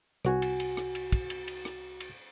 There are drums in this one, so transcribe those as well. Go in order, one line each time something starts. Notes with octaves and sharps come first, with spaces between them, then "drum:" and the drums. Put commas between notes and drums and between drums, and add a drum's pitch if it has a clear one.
C2 F#4 G#5, drum: rim click
drum: cymbal
drum: cymbal
drum: rim click
drum: cymbal
drum: kick, cymbal
drum: cymbal
drum: cymbal
drum: rim click
drum: cymbal